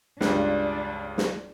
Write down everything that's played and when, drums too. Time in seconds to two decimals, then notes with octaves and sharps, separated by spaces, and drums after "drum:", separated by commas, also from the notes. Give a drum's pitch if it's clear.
0.21 C#2 G2 D4, drum: snare
1.18 drum: snare